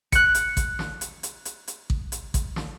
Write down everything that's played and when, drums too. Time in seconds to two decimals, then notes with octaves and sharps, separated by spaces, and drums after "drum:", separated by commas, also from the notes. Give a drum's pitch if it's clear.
0.12 F#6 C#7, drum: kick A1, hi-hat
0.35 drum: hi-hat
0.57 drum: kick A1, hi-hat
0.79 drum: snare
1.01 drum: hi-hat
1.23 drum: hi-hat
1.45 drum: hi-hat
1.68 drum: hi-hat
1.90 drum: kick A1
2.12 drum: hi-hat
2.34 drum: kick A1, hi-hat
2.56 drum: snare